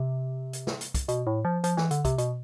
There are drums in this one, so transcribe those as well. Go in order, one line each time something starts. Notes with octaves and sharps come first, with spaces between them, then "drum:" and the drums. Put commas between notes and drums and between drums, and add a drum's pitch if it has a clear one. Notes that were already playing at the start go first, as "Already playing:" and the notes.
Already playing: C3
drum: hi-hat
drum: snare
drum: hi-hat
drum: kick, hi-hat
B2, drum: hi-hat
A2
F3
F3, drum: hi-hat
E3, drum: snare
D3, drum: hi-hat
C3, drum: kick, hi-hat
B2, drum: hi-hat